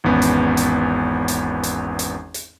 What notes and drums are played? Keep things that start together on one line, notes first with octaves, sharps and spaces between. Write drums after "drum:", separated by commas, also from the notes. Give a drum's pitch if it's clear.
G#1 E2 B3 C#4
drum: hi-hat
drum: hi-hat
drum: hi-hat
drum: hi-hat
drum: hi-hat
drum: hi-hat